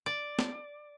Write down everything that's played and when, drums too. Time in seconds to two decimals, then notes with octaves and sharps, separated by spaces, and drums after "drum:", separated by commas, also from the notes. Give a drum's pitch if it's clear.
0.06 D5
0.39 drum: snare